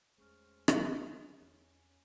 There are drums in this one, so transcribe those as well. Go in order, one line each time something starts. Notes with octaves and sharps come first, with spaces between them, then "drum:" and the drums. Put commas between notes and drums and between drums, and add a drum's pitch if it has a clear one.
E2 G#3 A3 C#4 G#4 C5 C#6 F6
drum: rim click
D#5
E2 C#5